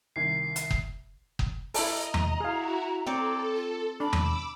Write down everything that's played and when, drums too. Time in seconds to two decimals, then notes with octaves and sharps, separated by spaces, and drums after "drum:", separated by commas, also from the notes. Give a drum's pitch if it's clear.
0.16 C2 D#3 G#6 C7
0.56 drum: hi-hat
0.71 drum: kick F#1
1.39 drum: kick F#1
1.74 E4 A4 D#5 A#5, drum: open hi-hat
2.14 drum: tom E2
2.40 E4 F#4 G#4 F5
3.06 C4 A4 C#5 D5
3.55 F4
4.00 D4 B5 D6 E6
4.13 drum: tom E2